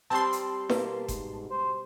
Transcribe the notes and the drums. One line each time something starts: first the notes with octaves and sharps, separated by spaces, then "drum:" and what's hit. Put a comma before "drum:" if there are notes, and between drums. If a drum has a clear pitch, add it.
G3 C4 A5 C6
drum: hi-hat
B2 A#3 B4, drum: snare E4
G#2, drum: kick F#1, hi-hat
C5